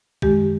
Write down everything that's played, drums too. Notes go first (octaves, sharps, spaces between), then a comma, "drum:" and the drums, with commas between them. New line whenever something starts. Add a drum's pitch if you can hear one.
F#2 D#3 G#3 G4, drum: kick